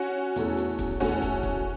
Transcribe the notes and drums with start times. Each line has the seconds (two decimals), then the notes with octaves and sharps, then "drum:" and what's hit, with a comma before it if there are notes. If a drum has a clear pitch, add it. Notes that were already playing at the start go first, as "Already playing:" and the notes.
Already playing: C#4 F#4
0.36 E2 B2 A3 E4 A4, drum: hi-hat
0.57 drum: hi-hat
0.79 drum: kick, hi-hat
1.00 E2 B2 A3 C#4 E4 F#4 A4, drum: hi-hat
1.22 drum: kick, hi-hat
1.43 drum: kick